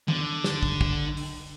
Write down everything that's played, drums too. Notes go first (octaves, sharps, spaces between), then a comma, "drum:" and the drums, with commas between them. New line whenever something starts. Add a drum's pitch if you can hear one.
D3, drum: tom D#3
drum: snare
drum: kick
drum: kick
drum: open hi-hat